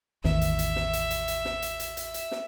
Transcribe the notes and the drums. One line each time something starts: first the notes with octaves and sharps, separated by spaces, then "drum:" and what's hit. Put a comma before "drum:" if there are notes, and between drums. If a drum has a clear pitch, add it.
A1 E2 D#3 E5, drum: snare
drum: hi-hat
drum: hi-hat
drum: snare
drum: hi-hat
drum: hi-hat
drum: hi-hat
drum: snare
drum: hi-hat
drum: hi-hat
drum: hi-hat
drum: hi-hat
drum: snare